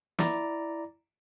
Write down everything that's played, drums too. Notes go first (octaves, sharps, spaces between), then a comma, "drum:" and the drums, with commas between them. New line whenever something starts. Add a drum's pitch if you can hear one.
E4 D5 A#5, drum: snare